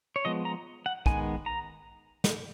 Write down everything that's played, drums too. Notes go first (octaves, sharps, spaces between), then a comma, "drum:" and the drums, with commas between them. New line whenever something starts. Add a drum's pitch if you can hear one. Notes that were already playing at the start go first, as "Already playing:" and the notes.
C#5
F3 G#3 B3 D#5
A#5
F#5
D#3 G#3 B3 G#5, drum: kick
A#5
drum: snare